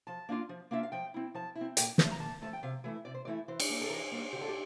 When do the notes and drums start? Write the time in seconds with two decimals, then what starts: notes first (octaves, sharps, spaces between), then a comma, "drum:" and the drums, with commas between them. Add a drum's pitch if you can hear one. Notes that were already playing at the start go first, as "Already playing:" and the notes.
0.07 F3 A5
0.29 A#3 D4 F4
0.49 F3
0.71 A#3 D4 F4 E5
0.83 F5
0.92 F3 G5
1.14 C4 E4
1.34 F3 A5
1.55 E4
1.61 C4
1.77 A#2 G5, drum: hi-hat
1.98 F3 A3 A5, drum: snare
2.11 A#5
2.20 A#2 A5
2.42 F3 A3 A5
2.53 G5
2.63 C3 F5
2.84 E3 A3 E4
3.05 C3 D5
3.14 C5
3.25 E3 A3 E4 D5
3.48 E3 C5
3.60 drum: cymbal
3.69 G3 A#3
3.81 A4
3.90 E3 A#4
4.12 G3 A#3
4.33 D3 G4
4.41 A4
4.48 G4